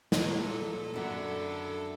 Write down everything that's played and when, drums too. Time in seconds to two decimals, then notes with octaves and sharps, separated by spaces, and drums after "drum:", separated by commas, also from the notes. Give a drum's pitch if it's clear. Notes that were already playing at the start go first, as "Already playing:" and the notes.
0.12 A#2 D#4 E4, drum: snare
0.39 A4
0.94 F#2 D3 D4 E4 F#4